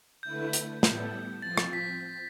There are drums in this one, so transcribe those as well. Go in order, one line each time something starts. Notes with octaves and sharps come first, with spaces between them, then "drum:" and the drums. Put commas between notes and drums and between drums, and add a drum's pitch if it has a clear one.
D3 A3 E4 B4 G6
drum: hi-hat
A2 G3 B3 E4 A4, drum: snare
F3 C4 F4 A6
drum: rim click
B6